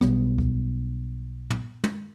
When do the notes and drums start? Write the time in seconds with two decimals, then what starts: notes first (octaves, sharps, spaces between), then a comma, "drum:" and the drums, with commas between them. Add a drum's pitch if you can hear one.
0.01 B1 G3 B3, drum: rim click
0.38 drum: kick C#2
1.50 drum: tom
1.84 drum: tom